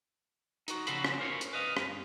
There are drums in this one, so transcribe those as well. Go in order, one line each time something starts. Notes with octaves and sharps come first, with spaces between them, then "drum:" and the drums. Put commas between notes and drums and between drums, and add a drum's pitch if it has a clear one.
D#4 F#4, drum: hi-hat
C#3 F3 F#4 A4 C5 B5, drum: hi-hat
drum: rim click
C#4 A#4 C5 C#5
drum: hi-hat
B4 D#5 F5
G2, drum: rim click